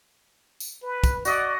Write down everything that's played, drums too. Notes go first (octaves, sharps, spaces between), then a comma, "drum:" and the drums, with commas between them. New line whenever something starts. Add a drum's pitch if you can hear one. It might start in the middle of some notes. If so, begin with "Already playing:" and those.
drum: tambourine
B4
drum: kick, tambourine
F#4 D5 D#5 F#5, drum: tambourine